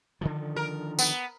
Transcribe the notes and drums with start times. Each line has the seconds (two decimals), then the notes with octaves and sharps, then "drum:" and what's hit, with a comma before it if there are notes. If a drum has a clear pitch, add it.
0.21 D3 D#3 F3
0.56 A#4
0.99 B3, drum: tambourine